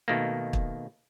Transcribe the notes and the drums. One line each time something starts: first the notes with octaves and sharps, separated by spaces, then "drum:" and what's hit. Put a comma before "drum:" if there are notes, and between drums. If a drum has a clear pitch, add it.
B2 D#3 A3 A#3
drum: kick